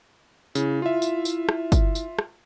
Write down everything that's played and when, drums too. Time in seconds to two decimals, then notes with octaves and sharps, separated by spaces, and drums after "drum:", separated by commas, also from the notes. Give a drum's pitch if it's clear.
0.55 C#3 E4, drum: tambourine
0.82 F4 E5
1.02 drum: tambourine
1.25 drum: tambourine
1.49 drum: rim click
1.72 drum: kick, tambourine
1.95 drum: tambourine
2.19 drum: rim click